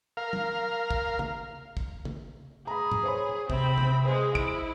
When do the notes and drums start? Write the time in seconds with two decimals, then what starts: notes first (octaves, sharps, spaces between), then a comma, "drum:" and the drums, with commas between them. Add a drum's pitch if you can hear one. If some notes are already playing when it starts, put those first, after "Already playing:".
0.17 A#4 F5
0.33 drum: tom
0.91 drum: kick
1.19 drum: tom
1.77 drum: kick
2.05 drum: tom
2.67 G#4 A#5 B5
2.92 drum: tom
3.03 C5 C#5 B5
3.50 C3 C4 B5, drum: kick
3.78 drum: tom
4.05 G#3 G#4 C5
4.35 E4 D7, drum: kick